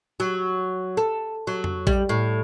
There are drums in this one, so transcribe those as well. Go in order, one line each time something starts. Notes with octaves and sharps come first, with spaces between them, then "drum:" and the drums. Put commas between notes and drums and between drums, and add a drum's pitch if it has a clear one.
F#3
A4
F#3
drum: tom F2
G3, drum: kick A#1
A2